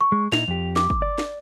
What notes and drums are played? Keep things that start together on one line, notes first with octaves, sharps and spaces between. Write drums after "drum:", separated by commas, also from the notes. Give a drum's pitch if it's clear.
C#6
G#3
A#2 D#4 E4 F7, drum: snare
F2 G4
D6, drum: snare
drum: kick
D5
drum: snare